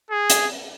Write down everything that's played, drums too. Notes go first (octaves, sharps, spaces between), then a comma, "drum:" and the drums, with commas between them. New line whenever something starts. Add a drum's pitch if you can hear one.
G#4
drum: hi-hat